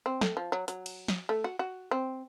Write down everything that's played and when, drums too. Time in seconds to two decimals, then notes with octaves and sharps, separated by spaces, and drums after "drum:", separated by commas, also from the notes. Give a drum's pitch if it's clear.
0.06 C4
0.21 A3, drum: snare
0.37 F3
0.52 F#3
0.68 F#3, drum: hi-hat
0.86 drum: cymbal
1.08 drum: snare
1.29 A3
1.44 F#4
1.59 F#4
1.91 C4